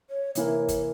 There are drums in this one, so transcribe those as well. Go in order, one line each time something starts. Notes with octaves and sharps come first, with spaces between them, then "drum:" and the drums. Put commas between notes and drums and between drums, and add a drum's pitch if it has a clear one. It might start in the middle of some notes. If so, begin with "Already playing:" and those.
C#5
C3 E3 A#3 C#5, drum: hi-hat
drum: kick, hi-hat